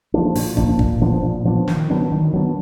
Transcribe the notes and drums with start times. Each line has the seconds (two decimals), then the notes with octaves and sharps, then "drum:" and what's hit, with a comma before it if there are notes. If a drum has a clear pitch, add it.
0.14 F3 A#3 D4
0.35 A#2, drum: open hi-hat
0.57 F3 A#3 D4, drum: kick
0.79 A#2, drum: kick
1.01 F3 B3 D4
1.23 A#2
1.45 F3 B3 D4
1.68 D#3, drum: snare
1.90 F#3 B3 D4
2.12 D#3
2.33 F#3 B3 D4